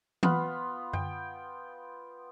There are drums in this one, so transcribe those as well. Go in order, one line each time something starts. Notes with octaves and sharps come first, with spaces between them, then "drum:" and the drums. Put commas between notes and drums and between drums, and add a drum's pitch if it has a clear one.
B3 F4 B5, drum: tom E3
G5, drum: tom F#2